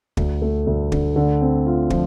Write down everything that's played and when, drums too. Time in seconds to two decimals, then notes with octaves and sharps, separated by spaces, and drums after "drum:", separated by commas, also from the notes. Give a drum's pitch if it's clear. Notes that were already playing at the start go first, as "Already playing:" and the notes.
0.17 D2, drum: kick
0.42 A3
0.67 D2
0.92 D3, drum: kick
1.16 D3
1.41 C4
1.67 F4
1.90 F3, drum: kick